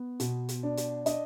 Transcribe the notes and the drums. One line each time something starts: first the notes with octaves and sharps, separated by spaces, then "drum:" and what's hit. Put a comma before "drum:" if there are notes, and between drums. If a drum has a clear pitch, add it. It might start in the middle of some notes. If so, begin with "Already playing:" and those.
Already playing: B3
B2, drum: hi-hat
drum: hi-hat
D4
drum: hi-hat
D4 D#5, drum: hi-hat